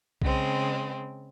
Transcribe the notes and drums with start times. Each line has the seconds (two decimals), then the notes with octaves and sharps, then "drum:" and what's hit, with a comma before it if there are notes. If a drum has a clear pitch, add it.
0.22 C#3 G#3 C4, drum: kick B1